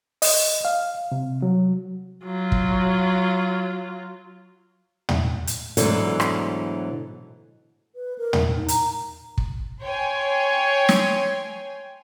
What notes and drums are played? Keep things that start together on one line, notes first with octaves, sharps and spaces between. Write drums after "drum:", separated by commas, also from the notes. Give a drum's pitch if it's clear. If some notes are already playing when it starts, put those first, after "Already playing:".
D#5, drum: open hi-hat
F5
C3
F#3
F#3 F4
drum: kick
drum: tom
drum: hi-hat
G#2 B2 D3 E3 F#3 A3, drum: hi-hat
drum: rim click
B4
A#4
drum: tom
D#4
A#5, drum: hi-hat
drum: kick
C#5 G5 G#5 C6
drum: snare